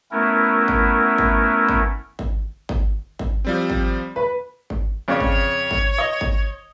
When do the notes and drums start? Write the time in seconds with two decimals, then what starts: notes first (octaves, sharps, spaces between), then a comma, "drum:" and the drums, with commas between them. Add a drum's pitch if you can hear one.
0.11 A3 B3 C#4 E4 A#4
0.68 drum: kick G#1
1.18 drum: kick G#1
1.69 drum: kick G#1
2.19 drum: kick G#1
2.69 drum: kick G#1
3.19 drum: kick G#1
3.45 F3 G3 C4
3.70 drum: kick G#1
4.16 B4
4.70 drum: kick G#1
5.08 F2 C#3 C#5 D5
5.20 drum: kick G#1
5.71 drum: kick G#1
5.98 D#5
6.21 drum: kick G#1